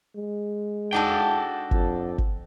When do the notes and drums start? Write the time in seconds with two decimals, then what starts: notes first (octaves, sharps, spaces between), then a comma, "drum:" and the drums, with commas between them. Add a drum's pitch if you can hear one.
0.16 G#3
0.93 D4 D#4 F#4 A4 G5
1.71 F2, drum: kick G1
2.18 drum: kick G1